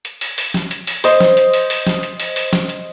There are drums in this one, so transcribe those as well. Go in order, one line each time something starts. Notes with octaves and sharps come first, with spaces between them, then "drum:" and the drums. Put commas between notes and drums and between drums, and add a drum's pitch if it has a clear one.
drum: hi-hat
drum: open hi-hat
drum: open hi-hat
drum: snare
drum: hi-hat
drum: open hi-hat
C5 D#5, drum: open hi-hat
drum: snare
drum: hi-hat
drum: open hi-hat
drum: open hi-hat
drum: snare
drum: hi-hat
drum: open hi-hat
drum: open hi-hat
drum: snare
drum: hi-hat